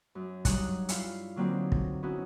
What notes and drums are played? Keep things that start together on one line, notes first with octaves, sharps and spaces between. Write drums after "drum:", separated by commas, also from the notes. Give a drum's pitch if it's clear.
F#2
G2 F#3 D#4 D#6 F#6, drum: kick, hi-hat
E4 F4 F5, drum: hi-hat
D3 F#3 A#3 C4 D#4
drum: kick
B3 C#4 D#4 E4 F#4